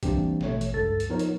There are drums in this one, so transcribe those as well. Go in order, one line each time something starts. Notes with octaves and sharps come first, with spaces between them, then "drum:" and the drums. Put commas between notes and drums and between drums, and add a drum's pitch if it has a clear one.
E3 G3 A#3 C4 D4 G4, drum: kick A#1, hi-hat
A1 B2 A3 C#5, drum: snare
drum: hi-hat
C#2 G2 A4 A6
drum: hi-hat
F3 B3 D#4 A#4 C#5
drum: hi-hat